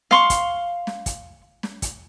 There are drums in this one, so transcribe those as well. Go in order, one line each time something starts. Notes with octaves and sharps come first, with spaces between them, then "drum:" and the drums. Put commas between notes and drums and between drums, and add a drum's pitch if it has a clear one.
F5 C6 C#6, drum: snare
drum: kick, hi-hat
drum: snare
drum: kick, hi-hat
drum: snare
drum: kick, hi-hat